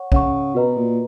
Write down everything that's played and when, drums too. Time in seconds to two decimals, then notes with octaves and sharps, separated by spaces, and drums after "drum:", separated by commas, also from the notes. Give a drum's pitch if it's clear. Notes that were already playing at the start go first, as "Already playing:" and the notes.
Already playing: C#5 F#5 C#6
0.12 C#3 C#5 F#5 C#6, drum: kick
0.55 B2 F#4 B4 D#5 A#5
0.77 A#2